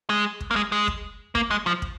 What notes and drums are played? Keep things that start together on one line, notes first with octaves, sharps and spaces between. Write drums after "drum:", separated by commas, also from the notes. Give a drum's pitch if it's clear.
G#3
drum: kick
A#3
G#3
G#3
drum: kick
A#3, drum: kick
G#3
F3
drum: kick